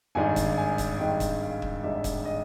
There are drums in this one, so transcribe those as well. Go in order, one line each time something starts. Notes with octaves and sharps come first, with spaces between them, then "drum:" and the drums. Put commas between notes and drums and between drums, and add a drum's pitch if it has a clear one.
G#1 G2 D#3 G#3 G#5
drum: kick, hi-hat
G#5
drum: kick, hi-hat
G#1 G2 D#3 G#3 G5
drum: kick, hi-hat
F5
drum: kick
G#1 G2 D#3 G#3 E5
drum: kick, hi-hat
D#5